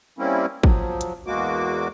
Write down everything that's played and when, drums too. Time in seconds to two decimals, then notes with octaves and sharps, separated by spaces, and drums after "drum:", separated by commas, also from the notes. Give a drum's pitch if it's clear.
0.19 G3 A#3 C4 C#4 E4
0.63 F3 F#3, drum: kick
1.01 drum: hi-hat
1.27 E2 G#3 A#3 F#4 D6